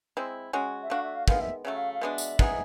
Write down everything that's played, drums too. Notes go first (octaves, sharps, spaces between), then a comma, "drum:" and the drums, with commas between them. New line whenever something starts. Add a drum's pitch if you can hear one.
G#3 C4 E4
G#3 C#4 F#4
E5
A3 D4 F#4 F5
E5
F5
D#3 G#3 B3 F5, drum: kick
E5
C#3 F#3 A3 E5
F5
F5
B2 G#3 B3 D4 E5
drum: tambourine
G#3 B3 D#4 G#4, drum: kick